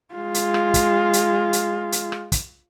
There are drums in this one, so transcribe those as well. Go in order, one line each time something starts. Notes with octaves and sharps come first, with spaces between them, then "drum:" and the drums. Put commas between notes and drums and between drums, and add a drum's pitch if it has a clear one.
G#3 F4
drum: hi-hat
drum: rim click
drum: kick, hi-hat
drum: hi-hat
drum: hi-hat
drum: hi-hat
drum: rim click
drum: kick, hi-hat